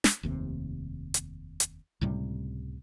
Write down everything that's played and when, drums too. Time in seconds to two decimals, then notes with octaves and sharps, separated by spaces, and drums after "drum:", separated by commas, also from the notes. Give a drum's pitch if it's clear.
0.04 drum: snare
0.23 F1 D#2 C3
1.14 drum: hi-hat
1.60 drum: hi-hat
2.01 C#2 A2 C3 G3